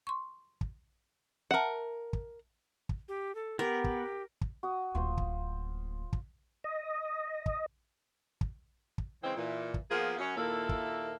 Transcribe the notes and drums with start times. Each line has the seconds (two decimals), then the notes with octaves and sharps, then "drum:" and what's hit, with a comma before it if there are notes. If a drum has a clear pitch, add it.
0.07 C6 C#6
0.61 drum: kick
1.51 A#4 E5 F#5 A5
2.13 drum: kick
2.89 drum: kick
3.08 G4
3.35 A4
3.59 B3 G4 A#4
3.84 drum: kick
4.41 drum: kick
4.63 F#4 D#6
4.95 D1 A#3 F4 C5
5.17 drum: kick
6.13 drum: kick
6.64 D#5
7.46 drum: kick
8.41 drum: kick
8.98 drum: kick
9.23 C#3 E3 G#3 C4
9.36 A#2 E3
9.74 drum: kick
9.91 F3 A#3 B3 F4 G#4 A#4
10.18 F#2 C#4 F#4
10.36 D#2 A#2 A#3 E4 A4 E5
10.69 drum: kick